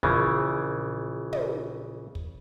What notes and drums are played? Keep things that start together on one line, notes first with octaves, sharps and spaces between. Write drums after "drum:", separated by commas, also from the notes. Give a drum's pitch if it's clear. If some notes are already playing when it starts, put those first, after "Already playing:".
A#1 C#3 E3, drum: kick
drum: tom
drum: kick